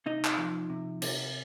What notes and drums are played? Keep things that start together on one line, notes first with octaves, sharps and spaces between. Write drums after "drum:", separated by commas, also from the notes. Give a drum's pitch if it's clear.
C3 D#4 D#5
drum: clap
F3
C3
C3, drum: cymbal